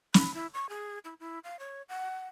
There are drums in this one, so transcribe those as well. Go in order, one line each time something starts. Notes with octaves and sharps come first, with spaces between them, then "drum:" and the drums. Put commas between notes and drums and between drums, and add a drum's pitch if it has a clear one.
B5, drum: snare
E4
C#6
G#4
E4
E4
F5
C#5
F#5